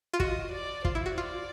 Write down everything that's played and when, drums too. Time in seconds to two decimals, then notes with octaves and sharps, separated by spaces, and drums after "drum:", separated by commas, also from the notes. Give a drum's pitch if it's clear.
0.13 F4
0.20 F#4 D#5, drum: kick
0.52 D5
0.85 F4 C5, drum: kick
0.95 E4
1.06 F#4
1.16 F4 D5